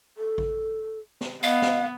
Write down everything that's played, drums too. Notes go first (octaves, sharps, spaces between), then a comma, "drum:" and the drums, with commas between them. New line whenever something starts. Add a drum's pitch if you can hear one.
A4
drum: kick A1
drum: snare
B3 D#5 F5
drum: snare